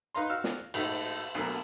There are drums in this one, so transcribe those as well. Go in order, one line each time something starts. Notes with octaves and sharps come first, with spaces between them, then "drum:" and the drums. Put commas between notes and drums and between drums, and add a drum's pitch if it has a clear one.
D#4 B4 F5 A#5 C6
F#4 F5 E6 F6
drum: snare
A#1 A2 D#4 A4, drum: cymbal
D2 B2 D3 F#3 A3 A#3